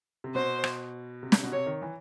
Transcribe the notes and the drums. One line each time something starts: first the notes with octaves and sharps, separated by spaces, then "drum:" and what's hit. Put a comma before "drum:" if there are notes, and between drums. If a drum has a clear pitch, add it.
C3
B2 C5
drum: rim click
C3
drum: snare
B2
C3 C#5
D#3
E3